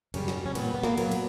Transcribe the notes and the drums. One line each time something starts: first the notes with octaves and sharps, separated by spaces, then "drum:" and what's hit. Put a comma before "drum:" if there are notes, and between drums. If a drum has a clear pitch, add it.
F#2 C#3 G3 C#4, drum: cymbal
drum: snare
C#4
A#2 G3 B3, drum: cymbal
B3
A#3, drum: snare
A#2 F#3 B3, drum: cymbal
drum: cymbal